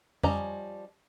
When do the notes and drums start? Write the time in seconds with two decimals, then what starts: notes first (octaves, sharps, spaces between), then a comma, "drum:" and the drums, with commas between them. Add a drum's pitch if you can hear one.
0.23 F3 G3 C#4 D#5 A#5, drum: tom F2